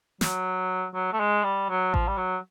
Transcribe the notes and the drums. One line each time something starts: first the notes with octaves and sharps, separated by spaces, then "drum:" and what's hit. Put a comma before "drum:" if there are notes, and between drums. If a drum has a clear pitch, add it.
F#3, drum: snare
F#3
A3
G#3
G3
F#3
F3, drum: kick A1
G3
F#3